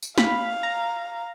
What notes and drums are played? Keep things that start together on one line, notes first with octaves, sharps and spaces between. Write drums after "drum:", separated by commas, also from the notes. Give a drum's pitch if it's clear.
drum: tambourine
F5 B5, drum: snare
A#5